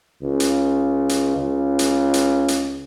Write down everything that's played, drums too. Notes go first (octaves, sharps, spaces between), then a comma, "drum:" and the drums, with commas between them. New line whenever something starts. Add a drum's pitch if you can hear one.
C#2
drum: hi-hat
drum: hi-hat
C#2
drum: hi-hat
drum: hi-hat
drum: hi-hat